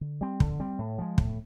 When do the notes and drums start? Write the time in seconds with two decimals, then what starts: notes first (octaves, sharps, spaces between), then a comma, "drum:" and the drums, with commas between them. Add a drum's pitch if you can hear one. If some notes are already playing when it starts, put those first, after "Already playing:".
0.01 D3
0.21 G3 C4
0.40 D3, drum: kick
0.60 G3 C4
0.79 A2
0.98 F3 G#3
1.18 A2, drum: kick